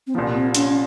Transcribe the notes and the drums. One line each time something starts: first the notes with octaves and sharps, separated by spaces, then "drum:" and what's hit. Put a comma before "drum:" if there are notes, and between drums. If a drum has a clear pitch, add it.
C4
C2 A#2 F3 A#3
C4
C#4, drum: hi-hat